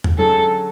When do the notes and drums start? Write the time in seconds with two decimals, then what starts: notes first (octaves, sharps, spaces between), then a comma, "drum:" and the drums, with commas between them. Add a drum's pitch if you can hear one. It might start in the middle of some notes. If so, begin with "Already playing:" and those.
0.04 drum: tom E2
0.18 D3 F#3 C#4 G#4 A4